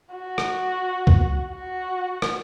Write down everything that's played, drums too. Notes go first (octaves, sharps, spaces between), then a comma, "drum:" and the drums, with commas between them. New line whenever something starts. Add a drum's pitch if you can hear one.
F#4
drum: rim click
drum: kick C2
F#4
drum: rim click